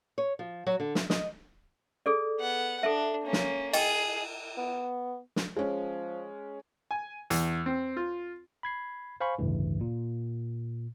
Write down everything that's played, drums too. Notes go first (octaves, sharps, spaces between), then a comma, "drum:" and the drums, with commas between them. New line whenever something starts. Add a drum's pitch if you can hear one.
C#5
F3
F#3
D3
E5, drum: snare
D#5, drum: snare
G#4 A4 D5
B3 F#5
D4 A4 E5
A#3 C#4
drum: snare
G#4 D#5 G5, drum: cymbal
B3
drum: snare
F3 G#3 C#4
G#5
E2, drum: hi-hat
C4
F4
B5 G#6 C7
C5 F5 G#5 B5 C#6
A1 D2 G2 C#3 E3
A#2